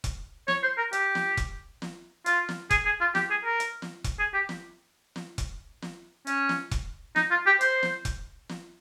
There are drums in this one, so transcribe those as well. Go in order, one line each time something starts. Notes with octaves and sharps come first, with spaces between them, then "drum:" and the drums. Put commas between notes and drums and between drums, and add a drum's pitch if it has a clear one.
drum: kick E1, hi-hat
C#5, drum: snare
C5
A#4
G4, drum: hi-hat
drum: snare
drum: kick E1, hi-hat
drum: snare
F4, drum: hi-hat
drum: snare
G#4, drum: kick E1, hi-hat
G#4
F4
G4, drum: snare
G#4
A#4
drum: hi-hat
drum: snare
drum: kick E1, hi-hat
G#4
G4
drum: snare
drum: snare
drum: kick E1, hi-hat
drum: snare
C#4, drum: hi-hat
drum: snare
drum: kick E1, hi-hat
D#4, drum: snare
F4
G4
C5, drum: hi-hat
drum: snare
drum: kick E1, hi-hat
drum: snare